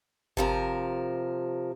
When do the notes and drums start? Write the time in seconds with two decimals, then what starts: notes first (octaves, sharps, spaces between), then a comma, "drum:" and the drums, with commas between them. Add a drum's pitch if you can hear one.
0.37 C3 F3 A#4, drum: kick G1